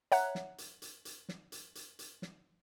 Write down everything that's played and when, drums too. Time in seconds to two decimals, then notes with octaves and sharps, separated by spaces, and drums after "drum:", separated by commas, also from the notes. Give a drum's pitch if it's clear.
0.12 C#5 E5 F#5 A#5 F#6, drum: hi-hat
0.35 drum: snare
0.58 drum: hi-hat
0.82 drum: hi-hat
1.05 drum: hi-hat
1.29 drum: snare
1.52 drum: hi-hat
1.75 drum: hi-hat
1.99 drum: hi-hat
2.22 drum: snare